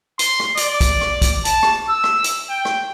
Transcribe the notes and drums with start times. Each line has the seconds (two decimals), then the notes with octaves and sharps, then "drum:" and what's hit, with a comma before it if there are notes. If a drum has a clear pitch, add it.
0.19 C6, drum: hi-hat
0.40 drum: rim click
0.57 D5, drum: hi-hat
0.81 drum: kick, hi-hat
1.01 drum: rim click
1.22 drum: kick, hi-hat
1.45 A5, drum: hi-hat
1.63 drum: rim click
1.89 E6
2.04 drum: rim click
2.24 drum: hi-hat
2.50 G5
2.65 drum: rim click